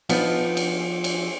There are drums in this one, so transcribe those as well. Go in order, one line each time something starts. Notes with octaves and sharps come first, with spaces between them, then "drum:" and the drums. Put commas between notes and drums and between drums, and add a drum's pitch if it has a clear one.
F3 B3 D#4, drum: cymbal
drum: cymbal
drum: cymbal